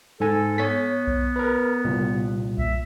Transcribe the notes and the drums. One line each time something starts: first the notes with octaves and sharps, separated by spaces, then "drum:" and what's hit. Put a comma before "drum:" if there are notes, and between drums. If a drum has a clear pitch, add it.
G#2 A4 G#5
B3 C#5 B6
drum: kick B1
A#4 B4
C2 A#2
E5, drum: kick B1